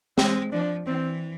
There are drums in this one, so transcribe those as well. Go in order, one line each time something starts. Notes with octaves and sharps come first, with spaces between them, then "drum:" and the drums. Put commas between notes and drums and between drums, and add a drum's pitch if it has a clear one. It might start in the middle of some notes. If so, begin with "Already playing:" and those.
G#3 C4, drum: snare
F3 D4
E3 C4